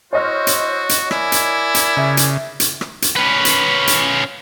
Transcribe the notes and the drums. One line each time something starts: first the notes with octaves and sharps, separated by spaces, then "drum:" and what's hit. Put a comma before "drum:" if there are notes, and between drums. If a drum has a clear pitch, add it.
E4 F#4 C5 C#5 D#5 F6
drum: hi-hat
drum: hi-hat
E4 A#4 D5 G#5, drum: rim click
drum: hi-hat
drum: hi-hat
C#3 E5 G#6
drum: hi-hat
drum: hi-hat
drum: rim click
drum: hi-hat
C#4 B4
drum: hi-hat
drum: hi-hat